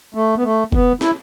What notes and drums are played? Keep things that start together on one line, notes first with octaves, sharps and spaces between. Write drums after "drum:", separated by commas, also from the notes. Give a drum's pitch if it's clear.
A3
B3
A3
B3, drum: kick F1
E4, drum: snare